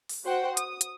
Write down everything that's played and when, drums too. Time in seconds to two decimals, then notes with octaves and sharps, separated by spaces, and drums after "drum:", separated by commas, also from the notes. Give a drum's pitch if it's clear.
0.09 drum: open hi-hat
0.24 F#4 C5 F#5 G5
0.57 D#6, drum: hi-hat
0.81 drum: hi-hat